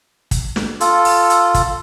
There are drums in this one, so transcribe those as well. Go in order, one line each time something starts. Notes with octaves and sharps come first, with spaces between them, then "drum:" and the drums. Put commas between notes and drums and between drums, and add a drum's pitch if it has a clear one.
drum: kick, hi-hat
drum: snare
F4 A4, drum: hi-hat
drum: open hi-hat
drum: hi-hat
drum: kick, hi-hat